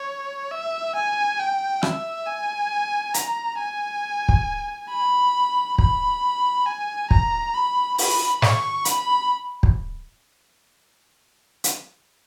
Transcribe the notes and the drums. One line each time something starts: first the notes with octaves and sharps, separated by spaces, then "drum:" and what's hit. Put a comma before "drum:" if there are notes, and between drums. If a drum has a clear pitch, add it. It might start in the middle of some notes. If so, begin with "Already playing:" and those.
Already playing: C#5
E5
G#5
G5
E5, drum: rim click
G#5
A#5, drum: hi-hat
G#5
drum: kick
B5
B5, drum: kick
G#5
A#5, drum: kick
B5
B5, drum: open hi-hat
C#6, drum: snare
B5, drum: hi-hat
drum: kick
drum: hi-hat